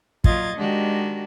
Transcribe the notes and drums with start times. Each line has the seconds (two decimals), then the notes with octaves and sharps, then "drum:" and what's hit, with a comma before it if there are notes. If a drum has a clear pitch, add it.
0.24 A#2 F#3 F4 D#5 G#6 A6, drum: kick
0.57 D#3 G#3 D4 F#4 G4